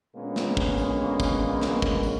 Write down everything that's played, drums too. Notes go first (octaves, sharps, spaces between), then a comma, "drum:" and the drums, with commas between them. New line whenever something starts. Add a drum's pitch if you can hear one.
A#2 D3 G#3 A#3 B3 C#4
drum: snare
drum: kick
drum: tambourine
drum: kick, tambourine
drum: snare
drum: kick
drum: tambourine